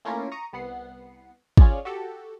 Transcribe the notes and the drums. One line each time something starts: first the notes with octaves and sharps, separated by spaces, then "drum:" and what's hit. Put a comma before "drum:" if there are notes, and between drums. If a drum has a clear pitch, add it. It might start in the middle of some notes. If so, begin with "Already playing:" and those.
A3 A#3 C#4 E4 F4 A#4
A#5 C#6 D#6
C2 B3 F#5 C7
C#4 F4 G#4 C#5 D5, drum: kick
F#4 G4 A4